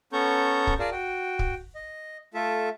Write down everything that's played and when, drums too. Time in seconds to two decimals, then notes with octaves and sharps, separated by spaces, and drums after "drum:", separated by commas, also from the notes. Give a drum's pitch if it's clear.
0.13 B3 C#4 A4 A#5 C#6 G6
0.67 drum: kick
0.79 F4 G#4 A#4 D5 A5
0.92 F#4 G5
1.39 drum: kick
1.75 D#5
2.34 A3 F4 A4 E5